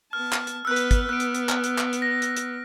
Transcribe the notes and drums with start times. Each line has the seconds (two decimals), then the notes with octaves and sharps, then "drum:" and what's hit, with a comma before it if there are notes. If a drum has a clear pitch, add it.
0.13 B3 A5 F6
0.33 drum: clap
0.47 drum: hi-hat
0.65 B3 B4 E6 F#6
0.76 drum: hi-hat
0.91 drum: kick, hi-hat
1.09 B3 F#6 D7
1.20 drum: hi-hat
1.35 drum: hi-hat
1.49 F6, drum: clap
1.64 drum: hi-hat
1.78 drum: clap
1.93 drum: hi-hat
2.02 A#6
2.22 drum: hi-hat
2.37 drum: hi-hat